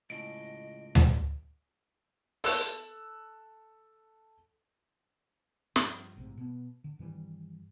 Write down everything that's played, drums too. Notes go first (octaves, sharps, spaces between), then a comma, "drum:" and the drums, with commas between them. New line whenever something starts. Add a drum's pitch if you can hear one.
C#2 A2 D#5 D7
drum: tom D2
A4 E6 F#6, drum: open hi-hat
G2 F3, drum: snare
A1 G#2 C3
B2 B3
D3
G2 D#3 E3 G3